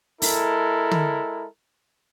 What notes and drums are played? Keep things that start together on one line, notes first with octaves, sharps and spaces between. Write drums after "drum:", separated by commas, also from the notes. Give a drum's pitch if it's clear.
G#3 E4 A4 A#4, drum: open hi-hat
drum: tom